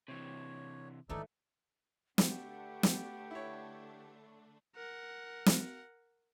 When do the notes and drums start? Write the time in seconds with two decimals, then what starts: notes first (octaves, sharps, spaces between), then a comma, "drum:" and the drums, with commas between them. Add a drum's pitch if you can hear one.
0.08 C3 E3 C#5
1.09 G#2 D#3 E3 A3 D#4 A4 D5
2.18 D3 A3 D4 G4 B4 F#5, drum: snare
2.83 drum: snare
3.31 E4 C#5
4.76 A#4 F#5
5.46 drum: snare